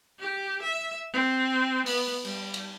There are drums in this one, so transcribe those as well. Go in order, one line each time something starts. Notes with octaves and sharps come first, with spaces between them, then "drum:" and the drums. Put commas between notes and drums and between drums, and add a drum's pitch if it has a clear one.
G4
E5
C4
B3, drum: open hi-hat
G3, drum: cymbal
drum: cymbal